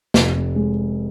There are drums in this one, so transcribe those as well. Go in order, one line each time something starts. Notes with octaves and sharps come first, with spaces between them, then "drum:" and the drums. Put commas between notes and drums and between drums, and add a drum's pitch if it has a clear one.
F1, drum: snare
G#3